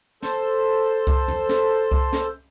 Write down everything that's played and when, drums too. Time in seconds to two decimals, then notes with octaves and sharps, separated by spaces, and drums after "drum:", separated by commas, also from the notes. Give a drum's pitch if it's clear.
0.22 A4 C5, drum: snare
1.07 drum: kick C2
1.28 drum: tom
1.49 drum: snare
1.91 drum: kick C2
2.13 drum: snare